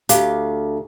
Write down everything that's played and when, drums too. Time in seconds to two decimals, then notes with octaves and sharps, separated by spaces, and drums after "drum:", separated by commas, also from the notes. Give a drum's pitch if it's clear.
0.09 D2 G4 F5, drum: hi-hat